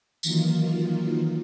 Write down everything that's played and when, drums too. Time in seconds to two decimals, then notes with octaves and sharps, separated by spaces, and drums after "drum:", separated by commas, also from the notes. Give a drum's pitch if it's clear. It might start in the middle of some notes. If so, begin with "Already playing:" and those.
0.23 D#3 E3 F#3 A#3 D#4 F4, drum: tambourine